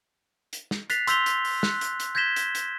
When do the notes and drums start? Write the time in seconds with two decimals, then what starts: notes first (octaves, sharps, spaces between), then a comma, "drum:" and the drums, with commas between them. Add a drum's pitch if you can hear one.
0.53 drum: hi-hat
0.71 drum: snare
0.90 F#6 A6 B6 C7 F7, drum: hi-hat
1.07 C6 E6 G6 B6 F7 G7, drum: hi-hat
1.26 drum: hi-hat
1.45 drum: open hi-hat
1.63 F#6, drum: snare
1.81 drum: hi-hat
2.00 drum: hi-hat
2.15 G6 G#6 A#6 B6 E7 G7
2.36 drum: hi-hat
2.55 drum: hi-hat